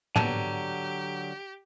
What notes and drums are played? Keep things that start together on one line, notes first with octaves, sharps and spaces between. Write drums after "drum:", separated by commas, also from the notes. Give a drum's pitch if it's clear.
D3 F#3 A#3 B3 G4 A5, drum: tom